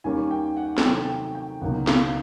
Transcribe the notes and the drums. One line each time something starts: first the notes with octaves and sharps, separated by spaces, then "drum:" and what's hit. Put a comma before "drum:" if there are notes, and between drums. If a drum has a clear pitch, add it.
D#2 D#3 G3 A#3 C#4 G#5
G5
F#5
G#5, drum: snare
C3 D#3 F#3 A3 G5
G5
G5
C#2 B2 F#3 A#3 D#4 F#5
F5, drum: snare